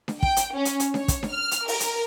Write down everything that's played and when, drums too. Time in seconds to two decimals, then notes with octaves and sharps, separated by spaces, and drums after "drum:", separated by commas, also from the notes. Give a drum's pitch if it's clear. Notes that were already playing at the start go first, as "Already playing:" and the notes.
0.08 drum: snare D4
0.23 G5, drum: kick
0.37 drum: hi-hat
0.55 C#4
0.65 drum: hi-hat
0.80 drum: hi-hat
0.94 C#5, drum: snare D4
1.08 drum: kick, hi-hat
1.23 drum: snare D4
1.33 F6
1.51 drum: hi-hat
1.68 A#4, drum: open hi-hat
1.80 drum: hi-hat